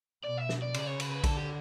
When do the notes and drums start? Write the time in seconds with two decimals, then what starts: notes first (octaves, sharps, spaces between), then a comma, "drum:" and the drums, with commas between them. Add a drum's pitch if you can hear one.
0.24 B2 D5
0.37 E5
0.49 drum: snare
0.62 D5
0.74 C#3 D5, drum: cymbal
0.87 C#5
1.00 B4, drum: cymbal
1.11 B4
1.24 D3 A4, drum: kick A#1, cymbal
1.37 G4